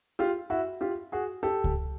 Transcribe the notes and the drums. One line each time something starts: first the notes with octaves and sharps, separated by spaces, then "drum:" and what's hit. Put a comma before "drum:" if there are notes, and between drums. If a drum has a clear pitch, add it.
F4 G4
E4 F#4
F4 G4
F#4 G#4
G4 A4
drum: kick C#2